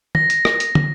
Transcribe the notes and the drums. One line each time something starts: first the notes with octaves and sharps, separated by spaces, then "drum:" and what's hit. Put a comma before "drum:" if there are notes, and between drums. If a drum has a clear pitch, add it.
A#6, drum: tom
drum: hi-hat
drum: rim click
drum: hi-hat
drum: tom